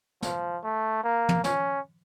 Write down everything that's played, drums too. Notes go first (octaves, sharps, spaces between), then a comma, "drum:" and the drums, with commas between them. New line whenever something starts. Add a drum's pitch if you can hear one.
F3, drum: snare
A3
A#3
drum: tom
C#4, drum: snare